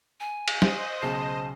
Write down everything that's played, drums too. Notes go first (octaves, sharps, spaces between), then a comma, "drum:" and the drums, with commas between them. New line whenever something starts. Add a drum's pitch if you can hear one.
G#5
drum: cymbal
C5 D#5, drum: snare
B1 C#3 A5 C7